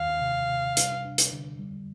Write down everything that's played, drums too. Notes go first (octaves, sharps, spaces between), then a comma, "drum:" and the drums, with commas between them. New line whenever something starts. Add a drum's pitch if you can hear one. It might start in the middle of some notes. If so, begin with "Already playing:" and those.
Already playing: D#2 D#3 F5
C3
C3
G3, drum: hi-hat
D4
drum: hi-hat
D3
G3